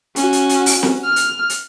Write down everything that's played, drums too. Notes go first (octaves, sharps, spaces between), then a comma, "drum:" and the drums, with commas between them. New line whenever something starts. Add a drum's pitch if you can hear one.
C#4 F#4, drum: hi-hat
drum: hi-hat
drum: hi-hat
drum: open hi-hat
drum: snare
F6
drum: hi-hat
drum: hi-hat